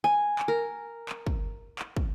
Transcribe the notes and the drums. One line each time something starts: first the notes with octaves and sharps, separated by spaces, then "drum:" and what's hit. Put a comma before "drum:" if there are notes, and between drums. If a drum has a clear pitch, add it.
G#5
drum: clap
A#4
drum: clap
drum: kick
drum: clap
drum: kick